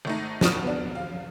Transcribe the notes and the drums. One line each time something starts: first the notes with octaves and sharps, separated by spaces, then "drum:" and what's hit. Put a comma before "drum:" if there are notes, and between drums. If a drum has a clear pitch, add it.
G#1 A3 D#4
F2 A2 F3 C#6 D#6 F6, drum: snare
B3 D4
F5